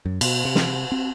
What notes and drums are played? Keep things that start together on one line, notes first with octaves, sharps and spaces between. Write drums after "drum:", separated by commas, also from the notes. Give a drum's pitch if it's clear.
F#2
B2, drum: cymbal
C3
drum: snare
C4